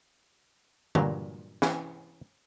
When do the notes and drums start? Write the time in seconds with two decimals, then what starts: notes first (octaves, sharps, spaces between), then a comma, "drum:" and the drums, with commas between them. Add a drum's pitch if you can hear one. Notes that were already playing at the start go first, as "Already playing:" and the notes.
0.95 G2 A#2 F#3 A#5, drum: tom D3
1.62 E3 C#4, drum: snare